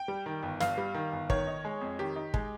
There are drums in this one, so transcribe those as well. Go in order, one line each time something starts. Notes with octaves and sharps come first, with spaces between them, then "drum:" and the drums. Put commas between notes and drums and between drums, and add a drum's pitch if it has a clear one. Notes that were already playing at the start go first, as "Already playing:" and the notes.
Already playing: G5
G3
D#3
G1
G2 F5, drum: snare
G3
D#3
G1
D#3 C#5, drum: kick
D#4
G#3
F2
D#3 G4
D#4
G#3, drum: kick